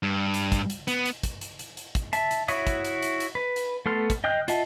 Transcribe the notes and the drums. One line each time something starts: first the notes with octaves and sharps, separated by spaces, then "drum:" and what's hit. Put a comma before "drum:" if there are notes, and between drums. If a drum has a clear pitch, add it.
G2
drum: hi-hat
drum: kick, hi-hat
drum: hi-hat
B3, drum: hi-hat
drum: hi-hat
drum: kick, hi-hat
drum: hi-hat
drum: hi-hat
drum: hi-hat
drum: kick, hi-hat
E5 A5, drum: hi-hat
drum: hi-hat
E4 F#4 C#5 E5 D#6, drum: hi-hat
drum: kick, hi-hat
drum: hi-hat
drum: hi-hat
drum: hi-hat
B4
drum: hi-hat
A3 B3 A4 C6 F6
drum: kick, hi-hat
D#5 G5 D#6 F6 F#6
F4 D#5 E5 F#5 A5, drum: hi-hat